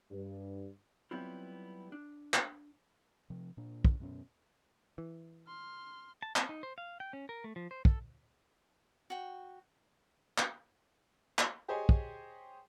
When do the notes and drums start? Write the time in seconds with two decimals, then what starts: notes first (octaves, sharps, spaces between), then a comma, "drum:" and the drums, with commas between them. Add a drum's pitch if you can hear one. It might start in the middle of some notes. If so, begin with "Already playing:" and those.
0.11 G2
1.11 F#3 G3 B3 C4 E4 F4
1.92 D4
2.34 drum: clap
3.30 C3 F3
3.57 A#2 D4
3.85 drum: kick
4.00 F#2 B2 C#4
4.98 E3
5.48 C6 F6
6.22 A5
6.36 C4, drum: clap
6.49 D#4
6.63 C5
6.78 F5
7.00 G5
7.13 C#4
7.29 A#4
7.44 A3
7.56 F3
7.71 C5
7.85 A4, drum: kick
9.10 F#4 G5
10.38 drum: clap
11.39 drum: clap
11.68 G4 G#4 C5 C#5 D#5 G#5
11.89 drum: kick